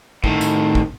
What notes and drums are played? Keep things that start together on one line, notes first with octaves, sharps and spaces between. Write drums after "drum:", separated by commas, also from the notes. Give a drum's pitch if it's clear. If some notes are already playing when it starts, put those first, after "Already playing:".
A2 D#3, drum: kick
drum: tambourine
drum: kick